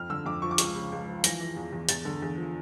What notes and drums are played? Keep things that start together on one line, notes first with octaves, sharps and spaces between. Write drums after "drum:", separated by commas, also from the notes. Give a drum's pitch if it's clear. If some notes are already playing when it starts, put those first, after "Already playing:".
Already playing: F2 F6
D3 E6
F2 D6
F3 C#6
D6
C#2 C#6, drum: hi-hat
C#3
C#2
F3
E3 A#6, drum: hi-hat
E3
E2
E2
E2 A6, drum: hi-hat
D3
E2
F3